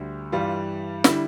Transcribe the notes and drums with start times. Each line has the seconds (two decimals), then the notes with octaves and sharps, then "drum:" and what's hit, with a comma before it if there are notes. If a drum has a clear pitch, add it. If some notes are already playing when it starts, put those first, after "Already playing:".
Already playing: D2 D3 G3
0.32 G2 E3 G3 F4
1.04 D3 G3 E4, drum: snare